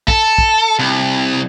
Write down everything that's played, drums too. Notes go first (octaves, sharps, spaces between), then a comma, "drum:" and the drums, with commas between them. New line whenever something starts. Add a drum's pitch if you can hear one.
A4, drum: kick
drum: kick
C2